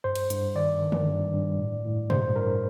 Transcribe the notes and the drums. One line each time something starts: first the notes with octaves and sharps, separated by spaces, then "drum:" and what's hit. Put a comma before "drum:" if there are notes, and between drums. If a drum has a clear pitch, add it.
G2 C5
drum: cymbal
G2, drum: hi-hat
D#3 D5
D#3
drum: tom D3
G2
G2
A2
A2
G2 C5, drum: tom B2
G2 A#4